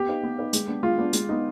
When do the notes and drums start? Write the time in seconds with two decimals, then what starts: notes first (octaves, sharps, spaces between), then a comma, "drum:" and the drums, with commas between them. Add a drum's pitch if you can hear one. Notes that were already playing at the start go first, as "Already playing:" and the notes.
Already playing: B3 G4
0.09 D#4 B4 F5
0.23 B3
0.38 D#4 B4 F5
0.53 G#3, drum: hi-hat
0.68 B3 D4
0.83 G#3 F4
0.98 B3 D4
1.13 G#3, drum: hi-hat
1.29 B3 D#4